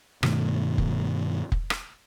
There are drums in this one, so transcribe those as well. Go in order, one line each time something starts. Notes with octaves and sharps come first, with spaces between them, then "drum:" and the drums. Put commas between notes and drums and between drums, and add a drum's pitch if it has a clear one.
G2 B2 D#3 A3, drum: rim click
drum: kick
drum: kick
drum: rim click